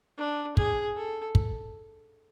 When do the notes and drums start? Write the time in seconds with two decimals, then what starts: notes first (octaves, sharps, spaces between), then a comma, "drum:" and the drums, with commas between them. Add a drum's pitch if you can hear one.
0.18 D4
0.57 G#4, drum: kick
0.96 A4
1.35 drum: kick